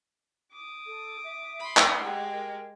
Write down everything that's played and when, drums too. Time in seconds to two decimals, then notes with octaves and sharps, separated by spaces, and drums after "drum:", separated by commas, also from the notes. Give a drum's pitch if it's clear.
0.52 D6 D#6
0.86 A4
1.24 E5
1.59 B5 C6
1.77 drum: clap
2.01 G#3 G4 F#5
2.32 A#4